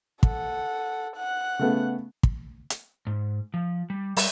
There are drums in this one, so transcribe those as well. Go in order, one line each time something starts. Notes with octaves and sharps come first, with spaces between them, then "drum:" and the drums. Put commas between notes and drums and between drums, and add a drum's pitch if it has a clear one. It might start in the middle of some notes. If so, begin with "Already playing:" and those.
A4 F#5, drum: kick
F#5 F#6
C#3 A3 B3
drum: kick
drum: hi-hat
G#2
F3
G3
G3, drum: open hi-hat